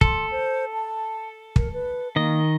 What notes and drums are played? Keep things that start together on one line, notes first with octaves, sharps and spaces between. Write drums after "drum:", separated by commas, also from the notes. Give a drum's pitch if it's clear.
A4 C6, drum: kick
C5
A5
A#4, drum: kick
B4
D#3 A#3 D#5